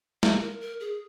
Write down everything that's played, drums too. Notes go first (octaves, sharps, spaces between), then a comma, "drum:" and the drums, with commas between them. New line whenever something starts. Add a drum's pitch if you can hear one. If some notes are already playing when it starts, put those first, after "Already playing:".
F5, drum: snare
A#4
A#4
G#4